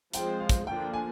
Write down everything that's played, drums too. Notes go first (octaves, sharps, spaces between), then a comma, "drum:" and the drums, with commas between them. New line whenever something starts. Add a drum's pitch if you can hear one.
F3 G#3 C4 F4 C5 G5, drum: hi-hat
F5
drum: kick, hi-hat
D3 F3 A#3 D4 F4 G5
G#5